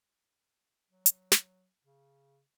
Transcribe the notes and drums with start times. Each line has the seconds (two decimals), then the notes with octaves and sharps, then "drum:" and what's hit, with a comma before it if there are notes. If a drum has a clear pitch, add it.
0.91 F#3
1.06 drum: hi-hat
1.32 drum: snare
1.84 C#3